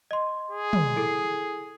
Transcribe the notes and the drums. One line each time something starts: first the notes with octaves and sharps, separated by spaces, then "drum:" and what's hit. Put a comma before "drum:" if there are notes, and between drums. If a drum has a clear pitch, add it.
D#5 C6
G#4
drum: tom
E4 A4 C7